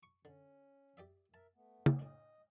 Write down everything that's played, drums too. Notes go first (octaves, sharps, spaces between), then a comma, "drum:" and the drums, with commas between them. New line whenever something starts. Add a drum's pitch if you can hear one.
C#6
D3 C#4
G4 D5 E5
A#4 E5 A5
A3 B3
drum: tom
A2 D4 D#5